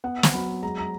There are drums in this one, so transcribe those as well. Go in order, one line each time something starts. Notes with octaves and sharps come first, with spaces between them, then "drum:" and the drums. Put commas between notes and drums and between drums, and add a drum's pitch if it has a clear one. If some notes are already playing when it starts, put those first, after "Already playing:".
B3 F#5
drum: snare
F#3 B5
G#3 A#5
A#5